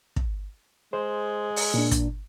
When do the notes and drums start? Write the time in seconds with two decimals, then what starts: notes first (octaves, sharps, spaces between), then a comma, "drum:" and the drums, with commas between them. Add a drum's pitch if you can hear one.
0.16 drum: kick
0.93 G#3 C5
1.56 drum: open hi-hat
1.74 A#2 D4
1.91 drum: kick, hi-hat